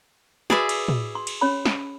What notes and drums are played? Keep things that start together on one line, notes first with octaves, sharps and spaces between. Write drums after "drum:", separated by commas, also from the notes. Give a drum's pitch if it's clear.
F#4 G#4 B4 D5 E5 B5, drum: snare
drum: cymbal
drum: tom
C6
drum: cymbal
C#4 C#5 B5
drum: snare